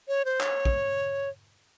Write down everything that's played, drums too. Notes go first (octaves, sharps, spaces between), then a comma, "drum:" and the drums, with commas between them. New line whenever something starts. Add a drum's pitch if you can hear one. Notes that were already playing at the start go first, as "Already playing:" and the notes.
C#5
C5
C#5, drum: clap
drum: kick